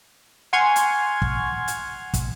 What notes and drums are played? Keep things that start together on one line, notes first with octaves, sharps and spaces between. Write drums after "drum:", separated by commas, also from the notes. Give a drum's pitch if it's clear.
F#5 G#5 C6 C#6 F6 G#6
drum: hi-hat
drum: kick
drum: hi-hat
drum: kick, hi-hat